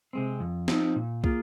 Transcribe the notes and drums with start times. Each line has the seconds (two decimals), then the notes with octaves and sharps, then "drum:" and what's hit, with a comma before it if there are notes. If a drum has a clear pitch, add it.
0.13 C3 G#3 C4
0.40 F2
0.68 F3 C4 D#4, drum: snare
0.96 A#2
1.24 A#3 F4 G#4, drum: kick